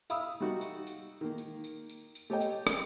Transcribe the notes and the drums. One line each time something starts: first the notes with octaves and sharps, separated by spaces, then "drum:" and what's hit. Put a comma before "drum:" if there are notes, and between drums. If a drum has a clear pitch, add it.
E5 F5 B5 D#6 E6, drum: tambourine
G3 D#4 F#4
drum: tambourine
drum: tambourine
D#3 A#3
drum: tambourine
drum: tambourine
drum: tambourine
drum: tambourine
A3 G4 C#5 D#5 G5
drum: tambourine
drum: rim click